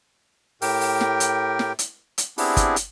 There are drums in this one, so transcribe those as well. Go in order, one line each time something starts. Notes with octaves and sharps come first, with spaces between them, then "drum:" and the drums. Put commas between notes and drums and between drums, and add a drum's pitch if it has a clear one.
A2 G4 A#4 G5, drum: open hi-hat
drum: open hi-hat
drum: snare
drum: hi-hat
drum: snare
drum: hi-hat
drum: hi-hat
B3 C4 D4 E4 G4 G#4, drum: open hi-hat
drum: kick, hi-hat
drum: hi-hat